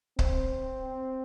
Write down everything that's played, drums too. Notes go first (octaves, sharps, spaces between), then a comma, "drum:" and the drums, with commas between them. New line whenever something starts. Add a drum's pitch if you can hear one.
C4, drum: kick C#1